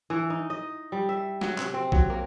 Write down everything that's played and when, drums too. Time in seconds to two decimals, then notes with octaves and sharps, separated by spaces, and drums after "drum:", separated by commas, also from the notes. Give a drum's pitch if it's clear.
0.10 E3
0.30 D#4
0.50 D#5
0.92 G3
1.09 E5
1.41 F#3, drum: snare
1.58 C3, drum: clap
1.74 C4
1.92 F#3, drum: kick B1
2.10 A#3